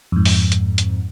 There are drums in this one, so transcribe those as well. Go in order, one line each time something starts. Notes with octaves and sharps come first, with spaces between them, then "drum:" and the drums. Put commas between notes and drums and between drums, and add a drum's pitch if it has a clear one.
F2 G#2
drum: open hi-hat
drum: hi-hat
drum: hi-hat